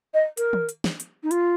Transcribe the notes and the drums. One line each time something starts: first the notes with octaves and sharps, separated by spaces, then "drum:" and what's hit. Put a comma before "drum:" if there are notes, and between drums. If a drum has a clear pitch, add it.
D#5
A#4, drum: hi-hat
drum: tom
drum: hi-hat
drum: snare
drum: hi-hat
D#4
F4, drum: hi-hat